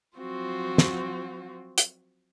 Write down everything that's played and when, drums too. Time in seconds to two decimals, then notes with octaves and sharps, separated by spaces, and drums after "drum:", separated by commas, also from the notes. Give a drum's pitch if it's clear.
0.19 F3 F#3 C4 F4 F#4
0.78 drum: snare
1.78 drum: hi-hat